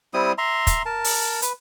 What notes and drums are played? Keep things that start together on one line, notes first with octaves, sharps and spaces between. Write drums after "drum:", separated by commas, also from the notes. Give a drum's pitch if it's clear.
G3 C4 E4 D#6
E5 A#5 C6
drum: kick, hi-hat
A#4 A5
drum: open hi-hat
B4, drum: hi-hat